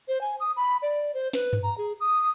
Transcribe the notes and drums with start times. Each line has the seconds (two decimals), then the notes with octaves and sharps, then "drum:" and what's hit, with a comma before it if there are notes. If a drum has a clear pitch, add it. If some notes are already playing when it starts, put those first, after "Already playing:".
0.08 C5
0.21 G#5
0.40 D#6
0.56 B5
0.82 D5
1.14 C5
1.33 B4, drum: snare
1.53 drum: tom G2
1.63 A#5
1.78 G#4
2.00 D#6